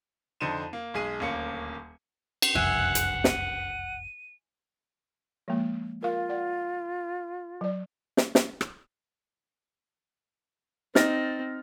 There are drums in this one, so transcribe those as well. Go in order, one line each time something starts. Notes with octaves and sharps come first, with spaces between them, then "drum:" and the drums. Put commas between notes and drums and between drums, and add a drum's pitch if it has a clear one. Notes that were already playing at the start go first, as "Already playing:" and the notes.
F2 D3 D#4 C5 D#7 E7
A#3
B1 G#3 G#4 D#7
D#1 D2 A#3 C#4 C#7
drum: cymbal
F#1 C2 F2 E5 F#5 G#5 F#6
drum: hi-hat
D#7, drum: snare
F3 G#3 A#3
F4 A#4 F5
D5 F#5
F#3 D5
drum: snare
drum: snare
drum: rim click
C4 D#4 F6 A6 A#6, drum: snare